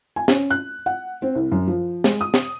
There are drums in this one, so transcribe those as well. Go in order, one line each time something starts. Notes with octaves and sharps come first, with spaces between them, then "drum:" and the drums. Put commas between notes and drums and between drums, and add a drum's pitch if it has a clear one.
G#5
C#4, drum: snare
F#6
F#5
C4
C2
F#2
F3
G#3, drum: snare
D#6
drum: snare